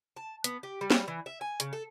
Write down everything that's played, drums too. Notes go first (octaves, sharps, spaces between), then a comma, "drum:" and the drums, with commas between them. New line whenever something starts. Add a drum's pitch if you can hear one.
A5
B3, drum: hi-hat
G4
G3
drum: snare
E3
E5
G#5
C#3, drum: hi-hat
A4